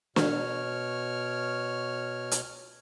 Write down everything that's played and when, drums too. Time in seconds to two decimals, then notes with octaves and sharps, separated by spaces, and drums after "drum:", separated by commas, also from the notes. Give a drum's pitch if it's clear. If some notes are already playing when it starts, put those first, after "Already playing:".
0.16 B2 C#5 F6, drum: snare
2.31 drum: hi-hat